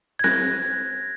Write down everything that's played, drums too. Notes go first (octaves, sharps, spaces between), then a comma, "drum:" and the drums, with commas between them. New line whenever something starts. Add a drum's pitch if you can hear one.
G#6
F#6 A#6, drum: snare C4